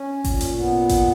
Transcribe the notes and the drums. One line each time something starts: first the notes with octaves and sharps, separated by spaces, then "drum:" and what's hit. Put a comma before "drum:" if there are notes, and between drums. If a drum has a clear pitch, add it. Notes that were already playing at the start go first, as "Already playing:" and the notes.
Already playing: C#4
A#2, drum: kick G#1, open hi-hat
drum: hi-hat
B3
drum: kick G#1, hi-hat